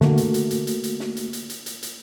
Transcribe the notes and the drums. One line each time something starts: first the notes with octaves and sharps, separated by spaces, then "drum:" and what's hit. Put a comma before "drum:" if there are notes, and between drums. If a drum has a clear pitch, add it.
D3 A3 A#3 F#4, drum: snare
drum: hi-hat
drum: hi-hat
drum: hi-hat
drum: hi-hat
drum: hi-hat
drum: snare
drum: hi-hat
drum: hi-hat
drum: hi-hat
drum: hi-hat
drum: hi-hat